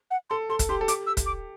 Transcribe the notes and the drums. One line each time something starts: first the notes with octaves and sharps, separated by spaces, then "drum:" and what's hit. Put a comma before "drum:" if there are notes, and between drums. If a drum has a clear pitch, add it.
F#5
A4 C6
A4 C6
drum: kick, hi-hat
G4 C6
A4
G4 D6, drum: hi-hat
E6
drum: kick, hi-hat
D6